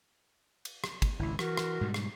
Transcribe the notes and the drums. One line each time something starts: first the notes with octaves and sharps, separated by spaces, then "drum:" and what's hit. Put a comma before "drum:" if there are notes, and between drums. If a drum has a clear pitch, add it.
drum: cymbal
drum: rim click
drum: kick, cymbal
G#1 C#2 E4
E3 F#4 A#4, drum: rim click
drum: rim click
G#2 B2 G3
drum: rim click